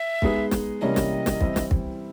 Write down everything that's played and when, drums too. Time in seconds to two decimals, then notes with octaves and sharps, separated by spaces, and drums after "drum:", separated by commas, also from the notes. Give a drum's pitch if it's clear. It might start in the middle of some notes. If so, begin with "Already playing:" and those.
Already playing: E5
0.22 G#3 B3 D#4 G#4, drum: kick
0.51 drum: snare
0.81 C3 E3 G3 A#3 C#4 D#5
0.96 drum: snare
1.26 drum: snare
1.41 E3 G3 C4 E4, drum: kick
1.56 drum: snare
1.71 drum: kick